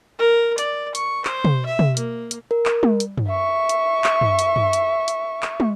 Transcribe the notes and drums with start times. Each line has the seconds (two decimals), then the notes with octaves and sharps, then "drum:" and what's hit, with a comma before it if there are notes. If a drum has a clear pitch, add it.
0.19 A#4
0.58 D5, drum: hi-hat
0.95 C#6, drum: hi-hat
1.25 C5, drum: clap
1.44 drum: tom
1.66 E5
1.79 drum: tom
1.97 A#3, drum: hi-hat
2.31 drum: hi-hat
2.51 A#4
2.66 drum: clap
2.83 drum: tom
3.00 drum: hi-hat
3.18 drum: tom
3.27 E5 C#6
3.69 drum: hi-hat
4.04 drum: clap
4.21 drum: tom
4.39 drum: hi-hat
4.56 drum: tom
4.73 drum: hi-hat
5.08 drum: hi-hat
5.42 drum: clap
5.60 drum: tom